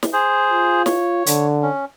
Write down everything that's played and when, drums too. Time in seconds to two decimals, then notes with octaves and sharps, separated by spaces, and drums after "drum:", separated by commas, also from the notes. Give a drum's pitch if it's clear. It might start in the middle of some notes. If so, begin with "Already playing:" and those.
0.03 drum: snare
0.13 G#4 C5
0.50 F4
0.86 C#5, drum: snare
1.26 D3, drum: hi-hat
1.62 C#4